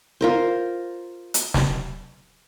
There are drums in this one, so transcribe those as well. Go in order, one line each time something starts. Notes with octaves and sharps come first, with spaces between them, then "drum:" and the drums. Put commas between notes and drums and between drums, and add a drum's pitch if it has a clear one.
F4 A#4 C5
drum: hi-hat
drum: snare